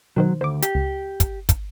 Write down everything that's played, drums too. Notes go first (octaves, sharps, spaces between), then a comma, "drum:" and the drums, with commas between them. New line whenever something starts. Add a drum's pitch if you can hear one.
B2 D#3 F#3 C5
D2 C5 D6
G4, drum: hi-hat
C#2
drum: kick, hi-hat
drum: kick, hi-hat